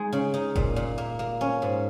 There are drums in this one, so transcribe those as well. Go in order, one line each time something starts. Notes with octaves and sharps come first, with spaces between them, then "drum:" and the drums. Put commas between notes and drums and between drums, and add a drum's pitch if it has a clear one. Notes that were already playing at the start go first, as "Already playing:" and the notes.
Already playing: G#3 D#4
C#3
D#4
A#2, drum: kick F1
A#2
A#3
A#3
C#4
G#2